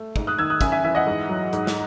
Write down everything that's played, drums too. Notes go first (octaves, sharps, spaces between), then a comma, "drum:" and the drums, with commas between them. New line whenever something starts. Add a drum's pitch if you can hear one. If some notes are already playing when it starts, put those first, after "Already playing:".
Already playing: A3
G#2, drum: kick
D#6 F#6
D#3 E6 G#6
D#6 F#6
F#2 E5 G#5, drum: kick, hi-hat
E5 G#5
E3 E5 G#5
D#5 F#5
G#2
F#3
G#2, drum: hi-hat
drum: snare